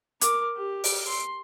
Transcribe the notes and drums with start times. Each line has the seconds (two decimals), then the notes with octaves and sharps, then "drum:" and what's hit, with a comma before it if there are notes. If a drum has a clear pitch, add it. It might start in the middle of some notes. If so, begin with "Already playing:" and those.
0.21 A#4 D6, drum: hi-hat
0.57 G4
0.84 drum: open hi-hat
1.07 C6